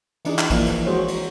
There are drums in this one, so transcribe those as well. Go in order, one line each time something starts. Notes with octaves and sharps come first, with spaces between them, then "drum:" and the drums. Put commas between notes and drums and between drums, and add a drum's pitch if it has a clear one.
E3 D4 D#4 G#4, drum: cymbal
drum: clap
E3 F3 A#3 D4 E4, drum: kick, cymbal
drum: cymbal
G#3 F#4 G#4 C5 C#5
drum: cymbal